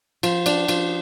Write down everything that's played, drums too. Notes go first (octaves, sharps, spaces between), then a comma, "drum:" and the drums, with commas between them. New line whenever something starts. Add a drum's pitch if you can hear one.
F3, drum: cymbal
D4, drum: cymbal
F3, drum: cymbal